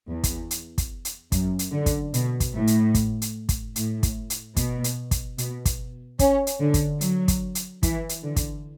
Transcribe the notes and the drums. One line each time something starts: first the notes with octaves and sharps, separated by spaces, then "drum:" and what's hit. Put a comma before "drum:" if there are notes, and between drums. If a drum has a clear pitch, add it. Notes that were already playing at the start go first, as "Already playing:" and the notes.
E2
drum: kick, hi-hat
drum: hi-hat
drum: kick, hi-hat
drum: hi-hat
F#2, drum: kick, hi-hat
drum: hi-hat
D3
drum: kick, hi-hat
B2, drum: hi-hat
drum: kick, hi-hat
A2
drum: hi-hat
drum: kick, hi-hat
drum: hi-hat
drum: kick, hi-hat
A2, drum: hi-hat
drum: kick, hi-hat
drum: hi-hat
B2, drum: kick, hi-hat
drum: hi-hat
drum: kick, hi-hat
B2, drum: hi-hat
drum: kick, hi-hat
C#4, drum: kick, hi-hat
drum: hi-hat
D3
drum: kick, hi-hat
F#3, drum: hi-hat
drum: kick, hi-hat
drum: hi-hat
E3, drum: kick, hi-hat
drum: hi-hat
D3
drum: kick, hi-hat